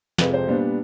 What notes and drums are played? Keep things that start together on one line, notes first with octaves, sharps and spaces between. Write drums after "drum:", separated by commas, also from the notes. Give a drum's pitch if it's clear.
F2 C3 F3 G#3 B4, drum: snare
C5
A#2 G3 B3 D4